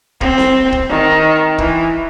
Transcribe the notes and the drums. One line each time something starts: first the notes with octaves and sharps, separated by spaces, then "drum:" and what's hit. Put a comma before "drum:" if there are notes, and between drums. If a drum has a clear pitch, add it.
C4, drum: kick
drum: snare C4
drum: kick
D#3
E3, drum: kick